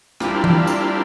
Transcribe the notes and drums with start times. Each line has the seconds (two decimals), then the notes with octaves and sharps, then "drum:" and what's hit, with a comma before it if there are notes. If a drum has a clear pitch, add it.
0.20 G3 A#3 C4 D4 E4 F4, drum: rim click
0.44 drum: tom E3
0.67 drum: tambourine